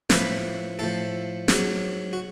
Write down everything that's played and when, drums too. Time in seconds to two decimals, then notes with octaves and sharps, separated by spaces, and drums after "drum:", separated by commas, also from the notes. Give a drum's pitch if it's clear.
0.10 A2 F3 B4, drum: snare
0.79 A2 F3 A4
1.48 G#2 F#3, drum: snare
2.13 F#4